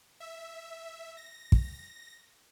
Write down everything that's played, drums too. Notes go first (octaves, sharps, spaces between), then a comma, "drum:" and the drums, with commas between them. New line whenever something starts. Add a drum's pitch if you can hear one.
E5
A#6
drum: kick